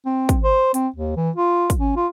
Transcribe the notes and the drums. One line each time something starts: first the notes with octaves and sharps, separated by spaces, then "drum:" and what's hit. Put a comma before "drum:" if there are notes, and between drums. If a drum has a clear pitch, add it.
C4
drum: kick, hi-hat
C5
C4, drum: hi-hat
D#2
E3
F4
drum: kick, hi-hat
C#4
F4